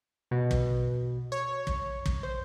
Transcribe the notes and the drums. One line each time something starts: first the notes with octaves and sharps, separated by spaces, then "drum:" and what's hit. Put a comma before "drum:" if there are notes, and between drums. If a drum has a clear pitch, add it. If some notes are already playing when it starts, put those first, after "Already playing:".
B2
drum: kick
C#5
drum: kick
drum: kick
C5